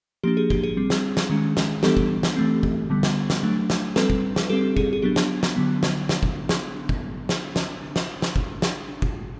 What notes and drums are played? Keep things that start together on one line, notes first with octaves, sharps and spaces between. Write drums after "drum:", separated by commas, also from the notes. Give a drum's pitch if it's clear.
F3 A#3 D4 G4
G#4
G4, drum: kick
G#4
G3 C4
drum: snare
drum: snare
D#3 G#3 C#4
drum: snare
E3 G3 B3 D4 G4 A4, drum: snare
drum: kick
drum: snare
E3 A3 C4
drum: kick
D3 G3 B3
drum: snare
drum: snare
F#3 A3 D4
drum: snare
G3 C4 A4 B4, drum: snare
drum: kick
drum: snare
G3 C4 G4 A4
G#4, drum: kick
G#4
F#3 B3 D4 G4
drum: snare
drum: snare
D3 F#3 B3
drum: snare
drum: snare
drum: kick
drum: snare
drum: kick
drum: snare
drum: snare
drum: snare
drum: snare
drum: kick
drum: snare
drum: kick